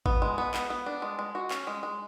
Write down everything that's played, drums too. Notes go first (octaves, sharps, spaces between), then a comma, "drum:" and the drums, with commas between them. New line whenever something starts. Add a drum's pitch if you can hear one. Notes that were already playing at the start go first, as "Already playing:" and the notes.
B3, drum: kick
G#3
B3
B3, drum: clap
B3
D4
G#3
G#3
F#4
C#4, drum: clap
G#3
G#3